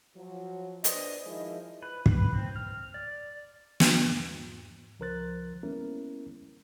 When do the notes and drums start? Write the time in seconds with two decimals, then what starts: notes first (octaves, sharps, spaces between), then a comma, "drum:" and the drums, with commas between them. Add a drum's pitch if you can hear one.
0.17 F3 F#3
0.84 D4 B4 C5 D#5, drum: hi-hat
1.25 D#3 F3 G#3 D#4 E4
1.83 B4
2.06 B4, drum: kick
2.33 C4
2.56 F6
2.94 D5
3.80 drum: snare
4.02 E2 G#2
4.99 C#2 F3 A#4 C5 F#6 A6
5.63 G#3 A#3 B3 C#4 E4 A#4